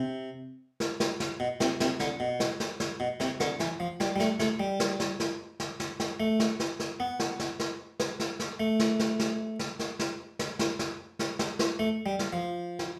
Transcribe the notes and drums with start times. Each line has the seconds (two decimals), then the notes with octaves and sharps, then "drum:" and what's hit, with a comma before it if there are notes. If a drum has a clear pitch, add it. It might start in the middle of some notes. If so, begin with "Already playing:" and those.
Already playing: C3
0.80 drum: snare
1.00 drum: snare
1.20 drum: snare
1.40 B2
1.60 C3, drum: snare
1.80 C3, drum: snare
2.00 D3, drum: snare
2.20 B2
2.40 drum: snare
2.60 drum: snare
2.80 drum: snare
3.00 B2
3.20 C3, drum: snare
3.40 D3, drum: snare
3.60 E3, drum: snare
3.80 F3
4.00 G3, drum: snare
4.16 G3
4.20 A3, drum: snare
4.40 A3, drum: snare
4.60 G3
4.80 drum: snare
5.00 drum: snare
5.20 drum: snare
5.60 drum: snare
5.80 drum: snare
6.00 drum: snare
6.20 A3
6.40 drum: snare
6.60 drum: snare
6.80 drum: snare
7.00 B3
7.20 drum: snare
7.40 drum: snare
7.60 drum: snare
8.00 drum: snare
8.20 drum: snare
8.40 drum: snare
8.60 A3
8.79 drum: snare
8.99 drum: snare
9.19 drum: snare
9.59 drum: snare
9.79 drum: snare
9.99 drum: snare
10.39 drum: snare
10.59 drum: snare
10.79 drum: snare
11.19 drum: snare
11.39 drum: snare
11.59 drum: snare
11.79 A3
12.06 G3
12.19 drum: snare
12.33 F3
12.79 drum: snare